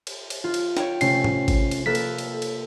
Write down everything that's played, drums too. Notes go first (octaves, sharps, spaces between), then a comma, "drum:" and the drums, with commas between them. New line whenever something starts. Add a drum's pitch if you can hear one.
drum: cymbal
drum: cymbal
F4
drum: cymbal
C#5 G5, drum: snare
C3 A3 C#4 C7, drum: cymbal
drum: tom G#2
drum: kick G#1, cymbal
drum: cymbal
A#3 A4 B4 B6
drum: cymbal
drum: cymbal
drum: cymbal